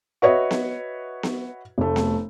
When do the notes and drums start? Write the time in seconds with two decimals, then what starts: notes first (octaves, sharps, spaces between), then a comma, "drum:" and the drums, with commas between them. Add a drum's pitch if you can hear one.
0.22 F#4 B4 C#5 D#5 E5
0.51 drum: snare B3
1.23 drum: snare B3
1.78 F1 A3
1.96 drum: snare B3